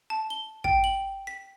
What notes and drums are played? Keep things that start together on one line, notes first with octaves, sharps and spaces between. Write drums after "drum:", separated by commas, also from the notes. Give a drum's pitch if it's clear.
A5
G7
G5, drum: kick
F#7
B6